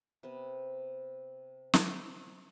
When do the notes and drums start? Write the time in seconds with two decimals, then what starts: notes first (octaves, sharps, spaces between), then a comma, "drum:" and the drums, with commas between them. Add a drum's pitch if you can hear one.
0.23 C3 B3 C4
1.74 drum: snare